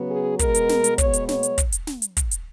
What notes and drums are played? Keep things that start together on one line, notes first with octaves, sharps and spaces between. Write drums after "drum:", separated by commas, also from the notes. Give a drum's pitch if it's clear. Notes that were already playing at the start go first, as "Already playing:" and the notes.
Already playing: C#3 F#3 B3
G#4
B2 G#3 B3 A#4, drum: kick, hi-hat
drum: hi-hat
drum: snare
drum: hi-hat
B2 G#3 B3 C#5, drum: kick, hi-hat
drum: hi-hat
C#5, drum: snare
drum: hi-hat
drum: kick, hi-hat
drum: hi-hat
drum: snare
drum: hi-hat
drum: kick, hi-hat
drum: hi-hat